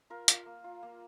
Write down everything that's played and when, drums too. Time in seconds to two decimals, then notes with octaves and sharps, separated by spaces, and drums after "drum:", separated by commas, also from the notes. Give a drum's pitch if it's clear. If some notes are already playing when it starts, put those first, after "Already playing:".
0.10 F4 A#4
0.28 F4, drum: hi-hat
0.46 A#3
0.64 F4
0.83 A#3